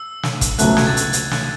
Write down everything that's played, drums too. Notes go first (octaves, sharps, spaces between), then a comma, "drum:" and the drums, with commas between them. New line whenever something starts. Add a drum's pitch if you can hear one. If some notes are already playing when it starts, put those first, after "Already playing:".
Already playing: E6
drum: snare
drum: kick, hi-hat
C#2 B2 F#3 A3 F#6, drum: hi-hat
G#6, drum: snare
A6
G#6, drum: hi-hat
drum: hi-hat
F#6, drum: snare